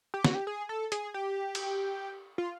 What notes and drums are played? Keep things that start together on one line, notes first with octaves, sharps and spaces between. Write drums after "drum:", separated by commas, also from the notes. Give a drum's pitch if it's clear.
G4
F#4, drum: snare
G4
G#4
A4
G#4, drum: hi-hat
G4
drum: cymbal
F4